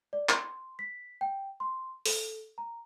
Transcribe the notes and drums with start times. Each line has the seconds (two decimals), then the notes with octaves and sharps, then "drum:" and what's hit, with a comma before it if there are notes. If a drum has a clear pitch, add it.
0.13 D5
0.29 C6, drum: clap
0.79 B6
1.21 G5
1.60 C6
2.06 A4, drum: open hi-hat
2.58 A#5